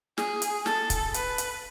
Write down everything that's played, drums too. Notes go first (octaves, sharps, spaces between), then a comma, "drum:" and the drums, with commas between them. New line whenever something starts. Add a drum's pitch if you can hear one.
G#4, drum: snare
drum: hi-hat
A4, drum: snare
drum: kick, hi-hat
B4, drum: hi-hat
drum: hi-hat